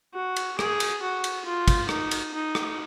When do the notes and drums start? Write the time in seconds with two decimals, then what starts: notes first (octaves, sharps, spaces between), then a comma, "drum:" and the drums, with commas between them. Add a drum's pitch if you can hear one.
0.14 F#4
0.36 drum: cymbal
0.59 G#4, drum: rim click
0.80 drum: cymbal
1.02 F#4
1.24 drum: cymbal
1.46 F4
1.68 drum: kick, cymbal
1.89 D#4, drum: rim click
2.11 drum: cymbal
2.34 D#4
2.55 drum: rim click